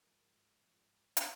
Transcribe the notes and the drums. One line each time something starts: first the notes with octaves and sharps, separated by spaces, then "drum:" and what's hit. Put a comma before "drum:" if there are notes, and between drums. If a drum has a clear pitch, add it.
G#2 F3 G#3 A#4
G#2 F3 G#3
G4, drum: hi-hat